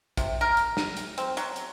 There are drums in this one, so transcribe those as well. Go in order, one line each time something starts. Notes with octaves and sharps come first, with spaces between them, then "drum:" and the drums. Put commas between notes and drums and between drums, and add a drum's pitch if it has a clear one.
C3, drum: kick, hi-hat
A#4
drum: hi-hat
drum: snare
drum: hi-hat
C4, drum: hi-hat
F#3, drum: hi-hat
drum: hi-hat